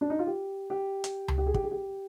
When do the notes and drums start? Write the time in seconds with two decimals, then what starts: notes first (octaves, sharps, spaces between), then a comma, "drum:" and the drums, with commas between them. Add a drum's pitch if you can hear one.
0.01 D4
0.10 D#4
0.19 F4
0.27 G4
0.70 G4
1.04 drum: hi-hat
1.28 drum: tom C#2
1.38 G4
1.46 G#4
1.54 G4, drum: kick
1.64 G#4
1.71 G4